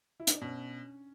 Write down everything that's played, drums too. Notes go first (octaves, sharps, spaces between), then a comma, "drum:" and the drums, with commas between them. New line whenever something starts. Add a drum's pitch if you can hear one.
E4
D#4, drum: hi-hat
D4
B2 C#4